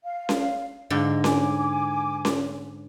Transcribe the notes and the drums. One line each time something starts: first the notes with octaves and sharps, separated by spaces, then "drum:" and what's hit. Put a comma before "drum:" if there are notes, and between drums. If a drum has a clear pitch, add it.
F5
drum: snare C#4
G#2 D3 D#5
G#5 D6, drum: snare C#4
drum: snare C#4